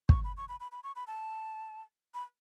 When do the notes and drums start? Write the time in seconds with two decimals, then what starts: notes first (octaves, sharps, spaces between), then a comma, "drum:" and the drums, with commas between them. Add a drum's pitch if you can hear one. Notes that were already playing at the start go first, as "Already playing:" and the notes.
0.09 C#6, drum: kick
0.24 B5
0.37 C#6
0.49 B5
0.60 B5
0.72 B5
0.84 C#6
0.96 B5
1.07 A5
2.14 B5